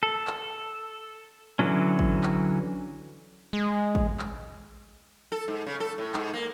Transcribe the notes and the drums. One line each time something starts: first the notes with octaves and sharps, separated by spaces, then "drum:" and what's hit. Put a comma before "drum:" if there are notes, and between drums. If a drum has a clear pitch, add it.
A4
drum: clap
D3 E3 F#3 C#4
drum: kick A1
drum: clap
G#3
drum: kick A1
drum: clap
A4
G#2
C#3
A4
A2
G#2, drum: clap
A#3